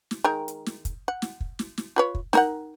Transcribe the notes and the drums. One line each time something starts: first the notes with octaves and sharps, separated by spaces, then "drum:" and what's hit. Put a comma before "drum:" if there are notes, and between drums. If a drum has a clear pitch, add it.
drum: snare
D#3 G#3 A#4
drum: hi-hat
drum: snare
drum: kick, hi-hat
F#5
drum: snare
drum: kick
drum: snare
drum: snare
F4 B4 C#5
drum: kick
D#4 A#4 F#5, drum: snare